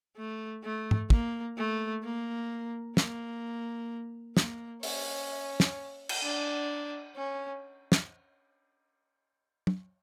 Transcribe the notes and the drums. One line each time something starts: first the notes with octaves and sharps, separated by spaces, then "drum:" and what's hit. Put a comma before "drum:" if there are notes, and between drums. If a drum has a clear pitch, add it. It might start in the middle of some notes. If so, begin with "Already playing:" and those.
A3
A3
drum: tom G#2
A#3, drum: kick
A3
A#3
A#3, drum: snare
A#3, drum: snare
C#4, drum: open hi-hat
drum: snare
drum: cymbal
D4
C#4
drum: snare
drum: tom